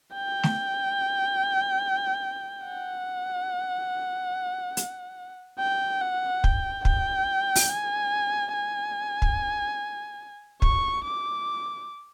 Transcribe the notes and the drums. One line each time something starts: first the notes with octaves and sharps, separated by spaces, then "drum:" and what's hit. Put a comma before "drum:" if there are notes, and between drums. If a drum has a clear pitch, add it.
G5
drum: snare
F#5
drum: hi-hat
G5
F#5
G5, drum: kick
G5, drum: kick
drum: open hi-hat
G#5
G#5
drum: kick
C#6, drum: kick
D6